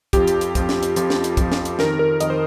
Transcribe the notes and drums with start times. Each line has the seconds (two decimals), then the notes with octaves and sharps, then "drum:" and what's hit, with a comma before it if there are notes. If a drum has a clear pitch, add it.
0.13 F2 F3 G4, drum: kick, hi-hat
0.27 drum: hi-hat
0.41 drum: hi-hat
0.55 F2 F3, drum: kick, hi-hat
0.69 drum: snare
0.83 drum: hi-hat
0.96 F2 F3, drum: hi-hat
1.10 drum: snare
1.24 drum: hi-hat
1.37 F2 F3, drum: kick, hi-hat
1.52 drum: snare
1.65 drum: hi-hat
1.79 F2 D#3 A#4, drum: snare
1.99 A#4
2.20 F2 D#3 D#5, drum: hi-hat
2.30 C5